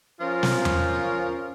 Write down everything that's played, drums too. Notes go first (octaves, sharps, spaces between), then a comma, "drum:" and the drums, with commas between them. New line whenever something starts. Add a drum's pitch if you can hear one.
F3 C#4 F4 A#4
drum: snare
drum: tom E2